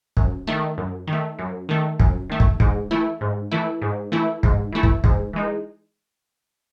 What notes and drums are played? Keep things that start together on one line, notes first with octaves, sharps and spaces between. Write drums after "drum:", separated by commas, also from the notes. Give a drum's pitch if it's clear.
F#2, drum: kick
D#3 A3
F#2
D#3
A3
F#2
D#3 A3
F#2, drum: kick
D#3 A3
drum: kick
G#2, drum: kick
E3 A3 E4
G#2
E3 A3 E4
G#2
E3 A3 E4
G#2, drum: kick
E3 A3 E4
drum: kick
G#2, drum: kick
E3 G#3 D#4